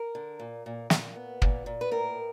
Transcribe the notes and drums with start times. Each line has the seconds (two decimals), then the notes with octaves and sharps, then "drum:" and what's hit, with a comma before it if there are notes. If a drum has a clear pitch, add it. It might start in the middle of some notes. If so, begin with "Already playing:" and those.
Already playing: A#4
0.15 D3
0.40 A#2
0.66 A#2
0.90 A#2, drum: snare
1.16 B3
1.42 A#2, drum: kick
1.66 A#2
1.81 B4
1.91 A2 A#4